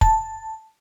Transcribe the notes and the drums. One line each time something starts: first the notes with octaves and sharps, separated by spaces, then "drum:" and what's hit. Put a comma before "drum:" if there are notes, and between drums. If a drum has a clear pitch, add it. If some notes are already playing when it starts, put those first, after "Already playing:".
A5, drum: kick